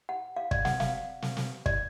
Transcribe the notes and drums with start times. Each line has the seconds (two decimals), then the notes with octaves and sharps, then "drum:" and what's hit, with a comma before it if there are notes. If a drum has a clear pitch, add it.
0.09 F#5
0.36 F5
0.51 D5, drum: kick
0.65 F#5, drum: snare
0.80 F5, drum: snare
1.22 drum: snare
1.37 drum: snare
1.66 D5, drum: kick